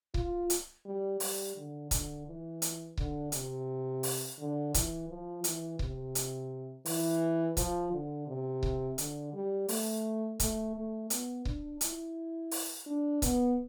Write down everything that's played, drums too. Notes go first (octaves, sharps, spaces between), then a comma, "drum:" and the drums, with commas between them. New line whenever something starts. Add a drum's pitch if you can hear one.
F4, drum: kick C#1
drum: hi-hat
G3
G3, drum: open hi-hat
D3
D3, drum: kick C#1, hi-hat
E3
drum: hi-hat
D3, drum: kick C#1
C3, drum: hi-hat
drum: open hi-hat
D3
E3, drum: kick C#1, hi-hat
F3
E3, drum: hi-hat
C3, drum: kick C#1
drum: hi-hat
E3, drum: open hi-hat
F3, drum: kick C#1, hi-hat
D3
C3
drum: kick C#1
D3, drum: hi-hat
G3
A3, drum: open hi-hat
A3, drum: kick C#1, hi-hat
A3
B3, drum: hi-hat
D4, drum: kick C#1
E4, drum: hi-hat
drum: open hi-hat
D4
B3, drum: kick C#1, hi-hat